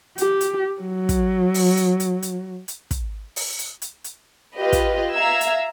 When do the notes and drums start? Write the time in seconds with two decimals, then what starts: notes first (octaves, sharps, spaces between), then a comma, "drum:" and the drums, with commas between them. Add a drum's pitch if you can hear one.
0.18 G4, drum: hi-hat
0.41 drum: hi-hat
0.81 F#3
1.09 drum: kick, hi-hat
1.54 drum: open hi-hat
1.77 drum: hi-hat
2.00 drum: hi-hat
2.22 drum: hi-hat
2.68 drum: hi-hat
2.91 drum: kick, hi-hat
3.36 drum: open hi-hat
3.59 drum: hi-hat
3.82 drum: hi-hat
4.04 drum: hi-hat
4.57 F4 G4 B4 D#5
4.73 drum: kick, hi-hat
5.13 E5 F5 A#5 E6 G#6
5.41 drum: hi-hat